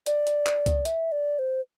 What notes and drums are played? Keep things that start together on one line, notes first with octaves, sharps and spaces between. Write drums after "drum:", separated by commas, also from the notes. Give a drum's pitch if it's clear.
D5, drum: hi-hat
drum: hi-hat
drum: clap
drum: kick, hi-hat
E5, drum: hi-hat
D5
C5